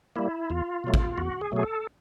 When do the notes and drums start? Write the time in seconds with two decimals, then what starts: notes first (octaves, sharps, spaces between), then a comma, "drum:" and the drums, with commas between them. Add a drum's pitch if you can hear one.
0.16 G3 A#3 E4
0.50 E2 F4
0.84 B2 F#3 A3
0.94 drum: kick
1.18 E2 F#4
1.41 G#4
1.52 B2 F#3 A3 G#4
1.63 A4